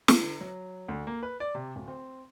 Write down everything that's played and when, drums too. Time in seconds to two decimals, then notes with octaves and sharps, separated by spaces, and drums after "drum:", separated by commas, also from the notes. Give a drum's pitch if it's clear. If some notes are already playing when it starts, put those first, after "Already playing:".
0.08 drum: snare
0.21 D3
0.41 F#3
0.88 D2
1.07 A#3
1.23 B4
1.40 D5
1.55 C3
1.76 D1
1.88 C4